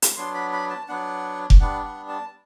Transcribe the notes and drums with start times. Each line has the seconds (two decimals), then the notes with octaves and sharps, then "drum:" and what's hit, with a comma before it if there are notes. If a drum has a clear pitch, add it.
0.02 drum: hi-hat
0.16 F#3 B3 D4 C6
0.34 B5
0.53 B5
0.70 A5
0.89 F#3 B3 D4 F#5
1.50 drum: kick F1
1.60 G3 B3 D4 F#5
1.85 F#5
2.09 A5